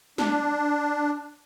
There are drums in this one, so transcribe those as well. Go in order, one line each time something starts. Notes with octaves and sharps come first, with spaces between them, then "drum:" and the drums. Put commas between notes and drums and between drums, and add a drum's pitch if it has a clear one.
D4, drum: snare